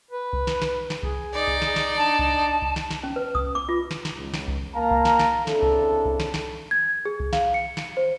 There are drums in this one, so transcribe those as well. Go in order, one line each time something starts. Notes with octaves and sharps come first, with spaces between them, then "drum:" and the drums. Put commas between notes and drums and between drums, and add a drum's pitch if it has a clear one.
B4
drum: kick C2
drum: snare
drum: snare
drum: snare
G#4, drum: kick C2
D#4 D5
drum: kick C2
drum: snare
drum: snare
D4 A5
drum: kick C2
drum: kick C2
drum: snare
drum: snare
C#4
B4
D#6, drum: kick C2
D6
F4
drum: snare
drum: snare
C#2
drum: snare
drum: kick C2
A#3 F5 A5 A#5
drum: kick C2
drum: snare
drum: snare
C#3 C4 D4 E4 A4, drum: snare
drum: kick C2
drum: kick C2
drum: snare
drum: snare
G#6
G#4
drum: kick C2
F5, drum: snare
C#7
drum: snare
C5